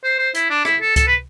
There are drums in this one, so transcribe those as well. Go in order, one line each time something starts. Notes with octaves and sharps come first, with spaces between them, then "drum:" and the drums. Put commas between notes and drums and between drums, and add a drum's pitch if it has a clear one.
C5
C5
E4, drum: hi-hat
D4
E4, drum: rim click
A4
A4, drum: kick C#2, hi-hat
B4